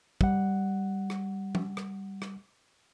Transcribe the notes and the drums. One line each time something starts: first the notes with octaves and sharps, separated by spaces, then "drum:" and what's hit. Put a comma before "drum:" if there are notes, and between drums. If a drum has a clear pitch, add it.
G3 F#5, drum: kick
drum: rim click
drum: tom F3
drum: rim click
drum: rim click